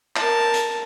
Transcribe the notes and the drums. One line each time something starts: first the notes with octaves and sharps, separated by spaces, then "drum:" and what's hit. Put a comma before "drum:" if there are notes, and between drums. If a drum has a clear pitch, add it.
A#4 A5, drum: clap
drum: hi-hat